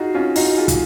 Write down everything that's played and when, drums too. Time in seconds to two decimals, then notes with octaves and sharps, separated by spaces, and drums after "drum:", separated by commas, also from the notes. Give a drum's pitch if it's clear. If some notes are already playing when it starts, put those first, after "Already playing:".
Already playing: D#4 F4 F#4 G#4
0.14 C#4 F4
0.36 D#4 F#4, drum: open hi-hat
0.57 F4 G#4
0.68 drum: kick, hi-hat